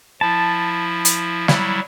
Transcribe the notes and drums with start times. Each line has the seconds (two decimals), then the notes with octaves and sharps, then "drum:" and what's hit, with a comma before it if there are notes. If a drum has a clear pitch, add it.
0.21 F3 E4 A5
1.05 drum: hi-hat
1.48 F#3 G3 E4, drum: snare